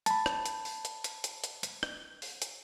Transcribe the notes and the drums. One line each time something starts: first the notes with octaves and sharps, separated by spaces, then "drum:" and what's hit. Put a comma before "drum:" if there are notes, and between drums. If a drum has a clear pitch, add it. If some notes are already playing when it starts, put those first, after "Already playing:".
A5 B5, drum: hi-hat
drum: rim click
drum: hi-hat
drum: open hi-hat
drum: hi-hat
drum: hi-hat
drum: hi-hat
drum: hi-hat
drum: hi-hat
drum: rim click
drum: open hi-hat
drum: hi-hat